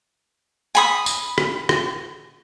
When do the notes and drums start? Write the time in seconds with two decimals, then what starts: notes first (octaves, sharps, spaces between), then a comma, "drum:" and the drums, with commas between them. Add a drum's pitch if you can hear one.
0.75 G#5 B5 D#6
1.06 drum: tambourine
1.38 drum: rim click
1.69 drum: rim click